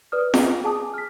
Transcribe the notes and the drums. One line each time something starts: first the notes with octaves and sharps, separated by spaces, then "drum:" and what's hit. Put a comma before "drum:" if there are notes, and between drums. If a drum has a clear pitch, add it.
B4 D5 D#6 F6
G#4, drum: snare F4
G#4 G#5 A5 D6 D#6
F6 B6